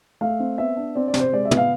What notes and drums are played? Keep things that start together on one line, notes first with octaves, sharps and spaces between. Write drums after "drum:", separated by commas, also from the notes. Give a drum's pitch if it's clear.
A3 F5
C4
B3 E5
D4
C4 D5
D5
C3, drum: snare
C5
G#3 D5
E5
B3, drum: tom
F5